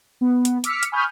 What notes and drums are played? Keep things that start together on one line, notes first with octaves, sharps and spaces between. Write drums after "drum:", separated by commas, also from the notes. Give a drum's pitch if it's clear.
B3
drum: hi-hat
D6 E6 F6 B6 C#7, drum: hi-hat
drum: hi-hat
G#5 B5 C#6 D#6 F6 G6